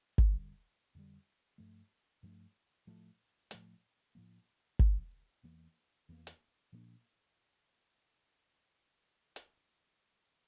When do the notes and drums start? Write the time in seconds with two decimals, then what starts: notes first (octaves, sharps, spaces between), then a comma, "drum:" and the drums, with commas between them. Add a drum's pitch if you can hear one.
0.18 drum: kick G1
0.30 F2 D3 G3
0.95 F2 D3 G3
1.58 G2 F3 A3
2.23 G2 F3 A3
2.87 A2 F3 A3
3.51 A2 F3 A3, drum: hi-hat
4.15 A2 F3 A#3
4.79 A2 F3 A#3, drum: kick G1
5.43 E2 E3 A#3
6.09 E2 E3 A#3
6.27 drum: hi-hat
6.73 A#2 F3 A#3 D4
9.36 drum: hi-hat